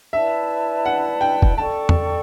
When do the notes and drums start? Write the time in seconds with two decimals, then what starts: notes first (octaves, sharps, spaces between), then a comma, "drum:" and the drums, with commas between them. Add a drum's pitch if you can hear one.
0.13 E4 B4 D5 E5 A5
0.85 F#5
1.21 G5
1.42 drum: kick
1.57 A4 D5 G5 A5 C#6
1.89 drum: tom E2